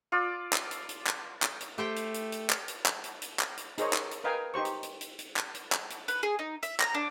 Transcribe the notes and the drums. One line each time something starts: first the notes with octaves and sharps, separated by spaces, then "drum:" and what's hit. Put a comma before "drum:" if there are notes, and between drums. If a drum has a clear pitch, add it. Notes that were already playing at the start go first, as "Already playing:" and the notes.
F4 D5 E6
drum: clap
drum: hi-hat
drum: hi-hat
drum: clap
drum: clap
drum: hi-hat
A3 G4 C5 G5
drum: hi-hat
drum: hi-hat
drum: hi-hat
drum: clap
drum: hi-hat
drum: clap
drum: hi-hat
drum: hi-hat
drum: clap
drum: hi-hat
D#4 G#4 A#4 C5 C#5 D#5, drum: hi-hat
drum: clap
drum: hi-hat
A#4 B4 D#5 F5 G5 G#5
D#4 G4 C5 C#6
drum: hi-hat
drum: hi-hat
drum: hi-hat
drum: hi-hat
drum: clap
drum: hi-hat
drum: clap
drum: hi-hat
B4, drum: hi-hat
G#4
D#4
E5, drum: hi-hat
A#5, drum: clap
D4